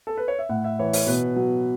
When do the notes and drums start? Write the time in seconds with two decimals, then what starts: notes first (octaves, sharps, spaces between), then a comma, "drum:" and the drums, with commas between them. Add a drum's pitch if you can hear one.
0.07 A4
0.17 B4
0.28 C#5
0.39 E5
0.49 A2 F#5
0.64 E5
0.79 E3 C#5
0.93 C#5, drum: open hi-hat
1.07 B2 B4
1.36 F#3